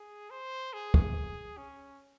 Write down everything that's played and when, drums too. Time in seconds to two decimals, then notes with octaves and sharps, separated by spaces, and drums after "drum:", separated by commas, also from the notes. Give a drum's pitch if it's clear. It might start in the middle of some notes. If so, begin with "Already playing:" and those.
Already playing: G#4
0.31 C5
0.73 G#4
0.94 drum: kick
1.57 C#4